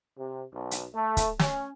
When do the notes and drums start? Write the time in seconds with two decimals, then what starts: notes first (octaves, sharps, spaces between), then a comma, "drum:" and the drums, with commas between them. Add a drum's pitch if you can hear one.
0.19 C3
0.53 B1
0.71 drum: hi-hat
0.95 A3
1.17 drum: kick, hi-hat
1.39 C#4, drum: snare